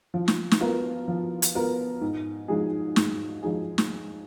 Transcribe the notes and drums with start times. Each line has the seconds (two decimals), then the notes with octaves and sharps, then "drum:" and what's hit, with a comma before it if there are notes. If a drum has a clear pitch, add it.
0.14 F3
0.28 drum: snare
0.51 drum: snare
0.61 B3 F4 A#4
1.08 F3
1.42 drum: hi-hat
1.55 B3 F4 A#4
2.01 G#2
2.48 F3 G#3 D#4 G#4
2.96 G#2, drum: snare
3.43 F3 G#3 D#4 G#4
3.78 drum: snare